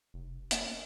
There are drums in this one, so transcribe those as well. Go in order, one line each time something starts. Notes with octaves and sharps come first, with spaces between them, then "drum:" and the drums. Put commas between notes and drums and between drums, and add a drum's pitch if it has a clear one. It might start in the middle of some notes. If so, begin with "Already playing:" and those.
F1
A#3, drum: hi-hat